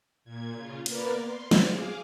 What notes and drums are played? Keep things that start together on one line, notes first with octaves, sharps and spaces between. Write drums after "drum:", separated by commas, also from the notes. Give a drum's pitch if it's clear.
A#2 G#6
C#3 F4
A#3 B3 A#4 B4 D5, drum: cymbal
C6
drum: snare
G#4 F5 D6